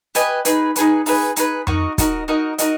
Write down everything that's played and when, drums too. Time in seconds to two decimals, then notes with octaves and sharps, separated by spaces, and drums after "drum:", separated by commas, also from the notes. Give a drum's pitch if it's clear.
0.15 G4 B4 D#5 G#5, drum: hi-hat
0.45 D#4 G#4 B4, drum: hi-hat
0.76 D#4 G#4 B4, drum: hi-hat
1.06 D#4 G#4 B4, drum: open hi-hat
1.36 D#4 G#4 B4, drum: hi-hat
1.67 D#4 F#4 A#4 D#5, drum: tom F2
1.98 D#4 F#4 A#4 D#5, drum: kick, hi-hat
2.28 D#4 F#4 A#4 D#5
2.58 D#4 F#4 A#4 D#5, drum: hi-hat